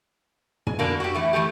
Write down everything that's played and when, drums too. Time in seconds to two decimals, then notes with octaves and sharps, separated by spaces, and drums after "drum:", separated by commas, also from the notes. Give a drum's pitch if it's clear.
0.67 G#5, drum: tom
0.79 B2 D3 A#3 D4
1.00 F#4 G4
1.15 A2 E3 A3
1.33 E3 F3 A3 G4